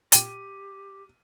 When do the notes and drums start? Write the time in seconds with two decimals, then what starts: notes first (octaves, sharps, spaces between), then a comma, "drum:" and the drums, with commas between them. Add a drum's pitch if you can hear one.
0.12 A#2 G4 G5 D6 D#7, drum: hi-hat